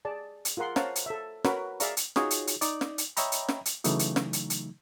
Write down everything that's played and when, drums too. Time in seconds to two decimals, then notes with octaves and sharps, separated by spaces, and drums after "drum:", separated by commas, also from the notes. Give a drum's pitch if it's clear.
0.05 G#4 D5 A5
0.45 drum: hi-hat
0.57 F4 G#4 A#4 F#5 C6
0.76 C5 C#5 F5 F#5 A5 A#5, drum: snare
0.96 drum: hi-hat
1.06 A4 E5
1.45 F#4 A#4 B4 C#5 A#5 B5, drum: snare
1.80 G#4 D5 E5 F5 A#5 C#6, drum: hi-hat
1.97 drum: hi-hat
2.16 D#4 F4 F#4 G#4 C#5, drum: snare
2.31 drum: hi-hat
2.47 drum: hi-hat
2.61 D#4 D5, drum: hi-hat
2.81 drum: snare
2.98 drum: hi-hat
3.17 C#5 D#5 E5 G5 A#5 B5, drum: hi-hat
3.32 drum: hi-hat
3.49 drum: snare
3.66 drum: hi-hat
3.84 C#3 E3 F#3 A3 D#4, drum: hi-hat
3.99 drum: hi-hat
4.16 drum: snare
4.33 drum: hi-hat
4.50 drum: hi-hat